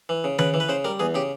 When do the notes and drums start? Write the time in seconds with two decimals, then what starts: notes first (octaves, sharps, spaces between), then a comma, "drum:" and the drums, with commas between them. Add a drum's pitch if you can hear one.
0.09 E3
0.24 C#3
0.39 C#3 B4, drum: tom D#3
0.54 E3
0.60 B4
0.69 C#3 C5
0.85 G3 A#4
1.00 E2 G#4
1.14 C#3 G4